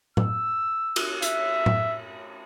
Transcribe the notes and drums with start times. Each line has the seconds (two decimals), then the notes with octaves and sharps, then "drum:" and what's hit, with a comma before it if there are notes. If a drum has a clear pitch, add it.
0.17 E6, drum: tom A2
0.96 drum: cymbal
1.22 E5, drum: hi-hat
1.66 drum: tom A2